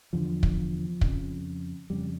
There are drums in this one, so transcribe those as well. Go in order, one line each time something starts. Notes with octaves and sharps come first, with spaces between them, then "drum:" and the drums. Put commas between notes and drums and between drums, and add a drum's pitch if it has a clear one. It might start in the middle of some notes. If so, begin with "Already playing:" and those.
E2 D3 F3
drum: kick
F2 C#3, drum: kick
F2 C#3 G3